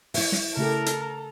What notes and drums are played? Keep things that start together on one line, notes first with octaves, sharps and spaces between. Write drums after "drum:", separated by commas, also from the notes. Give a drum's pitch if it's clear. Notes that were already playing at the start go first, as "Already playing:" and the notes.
E4 E5, drum: open hi-hat
drum: snare
C#3 A3 G4 A4 A#4 A#5
drum: hi-hat